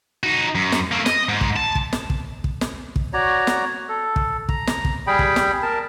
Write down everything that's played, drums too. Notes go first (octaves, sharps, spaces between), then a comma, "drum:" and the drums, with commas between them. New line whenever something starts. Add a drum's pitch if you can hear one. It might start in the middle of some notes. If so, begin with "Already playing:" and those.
D#4 F#4
F#2
drum: snare
A3 A#3
D#5, drum: snare
G#2
drum: kick
A5
drum: kick
drum: snare
drum: kick
drum: kick
drum: snare
drum: kick
F#4 C#5 D5 A#5
drum: snare
A4
drum: kick
A#5, drum: kick
drum: snare
drum: kick
G3 G#4 G5 B5
drum: kick
drum: snare
A#4 A5